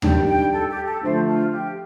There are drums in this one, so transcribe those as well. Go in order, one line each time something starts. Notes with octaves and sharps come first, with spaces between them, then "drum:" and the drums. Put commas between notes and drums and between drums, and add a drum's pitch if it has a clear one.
G2 D#3 G3 G5, drum: tom D#2
G5
A4
G4
A4
D3 F3 A3 C5
F4
G4